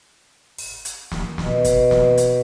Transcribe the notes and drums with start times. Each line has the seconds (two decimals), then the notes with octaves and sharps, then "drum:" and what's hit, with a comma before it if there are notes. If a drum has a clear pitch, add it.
0.58 drum: open hi-hat
0.85 drum: hi-hat
1.11 drum: snare
1.38 B2, drum: snare
1.65 drum: kick, hi-hat
1.91 drum: snare
2.18 drum: hi-hat